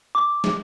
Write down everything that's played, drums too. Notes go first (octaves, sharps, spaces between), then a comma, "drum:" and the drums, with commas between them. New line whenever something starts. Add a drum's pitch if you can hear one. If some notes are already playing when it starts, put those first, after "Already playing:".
D6
drum: snare